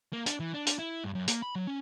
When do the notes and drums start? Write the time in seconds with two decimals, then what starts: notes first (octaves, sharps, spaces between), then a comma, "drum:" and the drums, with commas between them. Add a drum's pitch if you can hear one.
0.13 A#3
0.26 D4, drum: hi-hat
0.40 E3
0.54 D4
0.67 D4, drum: hi-hat
0.79 E4
1.04 G2
1.15 F#2
1.28 A#3, drum: hi-hat
1.42 B5
1.55 F#3
1.67 C#4